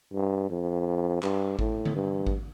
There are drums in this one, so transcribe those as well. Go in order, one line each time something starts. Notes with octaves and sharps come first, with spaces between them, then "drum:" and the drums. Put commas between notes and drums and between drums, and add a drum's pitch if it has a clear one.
G2
F2
G2, drum: clap
A2, drum: kick G#1
drum: tom D3
G2
drum: kick G#1